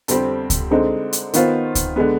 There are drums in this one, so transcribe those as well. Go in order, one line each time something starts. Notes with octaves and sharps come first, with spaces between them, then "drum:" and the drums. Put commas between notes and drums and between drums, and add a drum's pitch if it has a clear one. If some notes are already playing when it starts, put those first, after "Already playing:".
F2 D3 G3 C4 G4, drum: hi-hat
drum: kick C#2, hi-hat
D3 G#3 C4 D#4
drum: hi-hat
D#3 B3 F4 C5, drum: hi-hat
drum: kick C#2, hi-hat
D3 G#3 B3